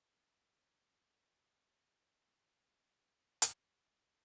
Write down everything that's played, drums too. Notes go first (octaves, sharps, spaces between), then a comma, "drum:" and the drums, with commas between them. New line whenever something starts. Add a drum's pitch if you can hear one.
C#3
D#3
F3
E3
F#3
F3
F#3
C#3
D3
F3
F#3
G#3
G3
G3
drum: hi-hat
F#3
F#3
G3